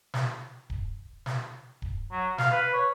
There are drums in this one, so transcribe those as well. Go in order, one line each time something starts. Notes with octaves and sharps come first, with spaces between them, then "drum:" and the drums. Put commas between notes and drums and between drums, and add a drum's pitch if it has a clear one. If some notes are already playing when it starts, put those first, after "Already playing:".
drum: snare
drum: kick D1
drum: snare
drum: kick D1
F#3
F5, drum: snare
B4
C#5